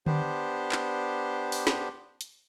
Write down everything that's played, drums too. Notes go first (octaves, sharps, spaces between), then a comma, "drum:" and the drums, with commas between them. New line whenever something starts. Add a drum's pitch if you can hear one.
B3 D4 G4 C5, drum: tom D3
drum: clap
drum: open hi-hat
drum: snare
drum: hi-hat